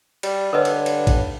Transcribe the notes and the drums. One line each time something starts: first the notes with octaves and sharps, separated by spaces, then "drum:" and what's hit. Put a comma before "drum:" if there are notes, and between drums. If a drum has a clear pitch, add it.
G3, drum: cymbal
G2 D3 A#4 B4 C#5 D#5
drum: cymbal
drum: cymbal
drum: kick A#1, cymbal